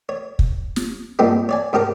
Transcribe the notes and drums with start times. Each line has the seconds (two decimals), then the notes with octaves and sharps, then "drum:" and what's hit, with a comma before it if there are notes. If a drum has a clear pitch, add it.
0.09 C#5
0.39 drum: kick
0.76 drum: snare
1.19 G2 A#2 G#3 C4 E4
1.49 C#5 D5 G#5
1.73 G#2 C#3 G4 A#4 A#5